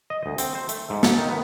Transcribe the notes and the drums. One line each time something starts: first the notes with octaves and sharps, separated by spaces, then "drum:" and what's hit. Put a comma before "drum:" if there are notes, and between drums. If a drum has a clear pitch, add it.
D#5
D2
C4, drum: hi-hat
C5
A3, drum: hi-hat
G#2
A4, drum: snare
D#3
B3